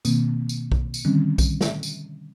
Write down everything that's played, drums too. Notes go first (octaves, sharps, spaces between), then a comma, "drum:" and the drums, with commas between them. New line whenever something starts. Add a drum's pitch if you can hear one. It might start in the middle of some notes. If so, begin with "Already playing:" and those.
B2 D#3 A#3 C4, drum: tambourine
drum: tambourine
drum: kick B1
drum: tambourine
D3 D#3 G3 C4 C#4
drum: kick B1, tambourine
drum: snare
drum: tambourine